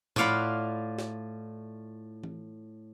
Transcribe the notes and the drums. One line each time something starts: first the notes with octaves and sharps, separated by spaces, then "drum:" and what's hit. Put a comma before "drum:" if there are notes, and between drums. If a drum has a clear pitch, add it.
A2 F4 D5 F5 F#5 B5, drum: tom A2
drum: snare
drum: tom E3